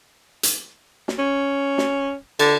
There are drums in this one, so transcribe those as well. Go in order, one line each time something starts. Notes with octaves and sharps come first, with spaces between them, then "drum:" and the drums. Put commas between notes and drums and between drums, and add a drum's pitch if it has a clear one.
drum: hi-hat
drum: snare
C#4
drum: snare
D3, drum: cymbal